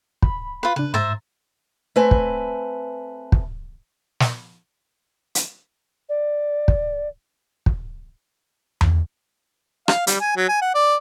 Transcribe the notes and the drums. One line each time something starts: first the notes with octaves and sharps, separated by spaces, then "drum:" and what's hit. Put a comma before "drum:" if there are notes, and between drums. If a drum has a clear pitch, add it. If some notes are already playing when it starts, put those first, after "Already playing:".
B5, drum: kick
F4 B4
C#3 D4 B4
G#2 C5 E5 A#5 A6
A3 C4 B4 G#5
drum: kick
drum: kick
drum: snare
drum: hi-hat
D5
drum: kick
drum: kick
drum: tom E2
F5, drum: rim click
G3, drum: hi-hat
G#5
F#3
G#5
F#5
D5